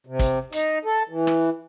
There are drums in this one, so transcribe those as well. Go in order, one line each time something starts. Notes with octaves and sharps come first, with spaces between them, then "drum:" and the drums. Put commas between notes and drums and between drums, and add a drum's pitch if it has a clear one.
C3
drum: kick, hi-hat
D#4, drum: hi-hat
A4
E3
drum: rim click